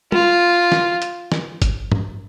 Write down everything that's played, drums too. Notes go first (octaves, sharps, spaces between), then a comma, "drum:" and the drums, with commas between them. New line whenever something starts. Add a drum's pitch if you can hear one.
F4, drum: tom
drum: snare
drum: hi-hat
drum: snare
drum: kick, hi-hat
drum: tom